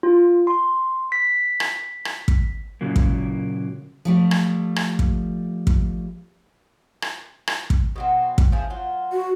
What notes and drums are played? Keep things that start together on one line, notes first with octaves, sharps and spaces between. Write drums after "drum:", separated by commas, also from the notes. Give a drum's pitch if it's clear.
F4
C6
B6
drum: rim click
drum: rim click
drum: kick
A#2 C#3 F#3 A#3
drum: kick
F3 G3 A3
drum: rim click
drum: rim click
drum: kick
drum: kick
drum: rim click
drum: rim click
drum: kick
B2 F#3 C4
drum: kick
F3 E4 G#4
F#3 F4
F#4